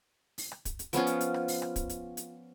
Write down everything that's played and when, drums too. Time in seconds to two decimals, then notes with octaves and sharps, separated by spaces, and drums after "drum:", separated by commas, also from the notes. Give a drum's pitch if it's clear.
0.38 drum: open hi-hat
0.52 drum: rim click
0.65 drum: kick, hi-hat
0.79 drum: hi-hat
0.93 F3 B3 C#4 F4, drum: hi-hat
1.07 drum: hi-hat
1.21 drum: hi-hat
1.34 drum: rim click
1.48 drum: open hi-hat
1.62 drum: rim click
1.76 drum: kick, hi-hat
1.89 drum: hi-hat
2.17 drum: hi-hat